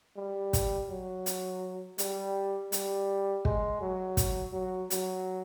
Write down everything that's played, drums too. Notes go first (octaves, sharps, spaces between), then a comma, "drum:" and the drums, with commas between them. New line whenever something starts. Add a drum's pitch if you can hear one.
G3
drum: kick, hi-hat
F#3
drum: hi-hat
G3, drum: hi-hat
G3, drum: hi-hat
G#3, drum: kick
F#3
drum: kick, hi-hat
F#3
F#3, drum: hi-hat